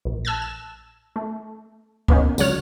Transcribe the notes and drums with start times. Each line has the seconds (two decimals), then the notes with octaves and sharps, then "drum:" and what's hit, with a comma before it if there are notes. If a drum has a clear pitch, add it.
0.05 A#1
0.25 A5 E6 F#6 G#6 A6
0.42 E7
1.16 A3
2.08 A#3 B3 C#4 D#4, drum: kick C#2
2.38 C#2 D3 F#3 C#5 F6, drum: tambourine